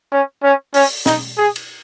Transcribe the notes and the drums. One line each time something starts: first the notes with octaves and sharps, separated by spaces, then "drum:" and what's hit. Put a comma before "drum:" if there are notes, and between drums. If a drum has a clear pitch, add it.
C#4
C#4
C#4, drum: open hi-hat
D#4, drum: snare
G#4
drum: cymbal